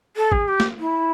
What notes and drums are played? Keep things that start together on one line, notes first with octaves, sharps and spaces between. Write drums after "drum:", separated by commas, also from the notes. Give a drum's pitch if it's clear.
A4
G#4, drum: kick
G4
drum: snare A3
E4